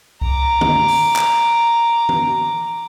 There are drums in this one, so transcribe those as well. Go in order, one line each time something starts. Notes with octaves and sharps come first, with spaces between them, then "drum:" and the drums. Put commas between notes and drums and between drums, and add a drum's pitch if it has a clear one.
A#5 D6, drum: kick C2
drum: tom
drum: open hi-hat
drum: clap
drum: tom E3